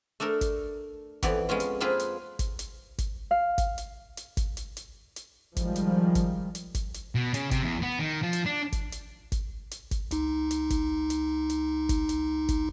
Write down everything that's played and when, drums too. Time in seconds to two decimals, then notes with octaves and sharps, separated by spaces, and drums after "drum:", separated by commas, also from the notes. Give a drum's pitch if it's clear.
0.20 A3 D4 A4 A#4
0.41 drum: kick G#1, hi-hat
1.23 F2 E3 B3 D5, drum: kick G#1, hi-hat
1.49 G#3 B3 C#4 F4
1.60 drum: hi-hat
1.80 A#3 C4 F4 G#4 B4
1.99 drum: hi-hat
2.39 drum: kick G#1, hi-hat
2.59 drum: hi-hat
2.98 drum: kick G#1, hi-hat
3.31 F5
3.58 drum: kick G#1, hi-hat
3.78 drum: hi-hat
4.17 drum: hi-hat
4.37 drum: kick G#1, hi-hat
4.57 drum: hi-hat
4.77 drum: hi-hat
5.16 drum: hi-hat
5.56 D#3 F3 G3 G#3, drum: kick G#1, hi-hat
5.76 drum: hi-hat
6.15 drum: kick G#1, hi-hat
6.55 drum: hi-hat
6.74 drum: kick G#1, hi-hat
6.94 drum: hi-hat
7.15 B2
7.34 C#3, drum: hi-hat
7.51 C3, drum: kick G#1, hi-hat
7.63 E2
7.82 B3
7.99 D#3
8.23 F3
8.33 drum: hi-hat
8.46 D4
8.72 drum: kick G#1, hi-hat
8.92 drum: hi-hat
9.32 drum: kick G#1, hi-hat
9.71 drum: hi-hat
9.91 drum: kick G#1, hi-hat
10.11 C#2 D#4, drum: hi-hat
10.51 drum: hi-hat
10.70 drum: kick G#1, hi-hat
11.10 drum: hi-hat
11.50 drum: hi-hat
11.89 drum: kick G#1, hi-hat
12.09 drum: hi-hat
12.49 drum: kick G#1, hi-hat